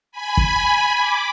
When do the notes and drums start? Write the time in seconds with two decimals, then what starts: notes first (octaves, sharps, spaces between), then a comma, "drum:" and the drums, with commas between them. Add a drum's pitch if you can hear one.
0.12 G#5 B5
0.37 drum: kick
0.99 B5 D6